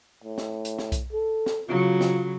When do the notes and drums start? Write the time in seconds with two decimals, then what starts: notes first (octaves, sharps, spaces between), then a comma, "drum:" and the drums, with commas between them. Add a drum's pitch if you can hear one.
0.24 A2
0.38 drum: snare
0.65 drum: hi-hat
0.78 drum: snare
0.92 drum: kick B1, hi-hat
1.13 A4
1.46 drum: snare
1.69 C#3 F#3 F4
2.01 drum: snare